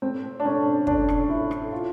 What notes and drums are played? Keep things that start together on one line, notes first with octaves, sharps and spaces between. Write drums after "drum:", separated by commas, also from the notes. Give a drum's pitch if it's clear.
C4
D4
C#4
D4, drum: kick
drum: rim click
E4
drum: rim click
F4